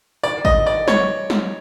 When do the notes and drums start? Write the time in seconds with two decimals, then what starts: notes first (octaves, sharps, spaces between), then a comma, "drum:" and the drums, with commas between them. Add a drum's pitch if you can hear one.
0.23 D5
0.45 D#5, drum: kick G#1
0.66 D5
0.88 C#5, drum: snare
1.30 drum: snare